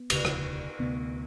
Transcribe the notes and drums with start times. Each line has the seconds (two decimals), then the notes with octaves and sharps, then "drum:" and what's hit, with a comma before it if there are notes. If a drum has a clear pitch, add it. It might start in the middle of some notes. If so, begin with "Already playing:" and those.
Already playing: B3
0.10 E1 D2 C#3, drum: cymbal
0.25 drum: rim click
0.79 D2 C3 B3